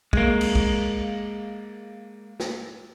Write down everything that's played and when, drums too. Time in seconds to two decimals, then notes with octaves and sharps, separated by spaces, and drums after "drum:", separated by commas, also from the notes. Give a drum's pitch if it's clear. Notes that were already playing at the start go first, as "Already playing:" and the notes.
0.13 G#3 A#3, drum: kick
0.41 drum: cymbal
0.55 drum: kick
2.40 drum: snare